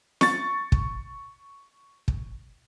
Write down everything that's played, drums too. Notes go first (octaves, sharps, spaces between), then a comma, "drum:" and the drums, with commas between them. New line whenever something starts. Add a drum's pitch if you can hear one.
C#6 A6, drum: snare
drum: kick
drum: kick